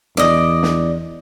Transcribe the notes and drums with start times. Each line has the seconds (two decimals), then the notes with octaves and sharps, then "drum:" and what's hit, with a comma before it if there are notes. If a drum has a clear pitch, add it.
0.17 E2 D5 D#5, drum: snare
0.63 drum: snare